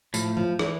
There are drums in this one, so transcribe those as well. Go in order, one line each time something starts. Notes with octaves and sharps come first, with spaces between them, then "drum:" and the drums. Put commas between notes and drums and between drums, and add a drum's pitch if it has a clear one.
A2 F3, drum: tambourine
F3
E3, drum: rim click